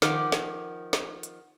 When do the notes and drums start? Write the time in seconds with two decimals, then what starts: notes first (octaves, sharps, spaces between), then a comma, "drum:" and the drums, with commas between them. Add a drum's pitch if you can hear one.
0.02 D#3 F3 F#5 D6 F6, drum: snare
0.32 drum: snare
0.93 drum: snare
1.23 drum: hi-hat